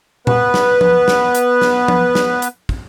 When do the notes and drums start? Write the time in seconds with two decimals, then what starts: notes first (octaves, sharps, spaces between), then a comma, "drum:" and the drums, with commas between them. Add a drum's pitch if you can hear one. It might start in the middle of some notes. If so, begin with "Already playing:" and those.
0.27 B3 B4, drum: tom A#2
0.54 drum: snare
0.81 drum: tom F3
1.08 drum: snare
1.35 drum: hi-hat
1.62 drum: snare
1.88 drum: tom F3
2.15 drum: snare
2.42 drum: hi-hat
2.69 drum: kick